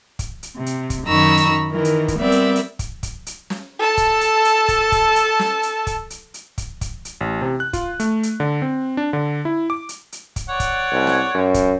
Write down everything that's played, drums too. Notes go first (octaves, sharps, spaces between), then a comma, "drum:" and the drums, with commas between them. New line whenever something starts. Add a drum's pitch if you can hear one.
drum: kick, hi-hat
drum: hi-hat
C3
drum: hi-hat
drum: kick, hi-hat
F#2 D#3 A#5 B5 C#6 E6
drum: hi-hat
D#3 E3 A#4
drum: hi-hat
drum: kick, hi-hat
G3 B3 C4 A#4 D5 E5
drum: hi-hat
drum: hi-hat
drum: kick, hi-hat
drum: kick, hi-hat
drum: hi-hat
drum: snare
A4 A5
drum: kick, hi-hat
drum: hi-hat
drum: hi-hat
drum: kick, hi-hat
drum: kick, hi-hat
drum: hi-hat
drum: snare
drum: hi-hat
drum: kick, hi-hat
drum: hi-hat
drum: hi-hat
drum: kick, hi-hat
drum: kick, hi-hat
drum: hi-hat
A1
C3
F#6
F4, drum: kick, hi-hat
A3, drum: hi-hat
drum: hi-hat
D3
C4
D4
D3
E4
D6
drum: hi-hat
drum: hi-hat
drum: kick, hi-hat
C#5 D5 F#5
drum: kick, hi-hat
C2
drum: snare
F#2
drum: kick, hi-hat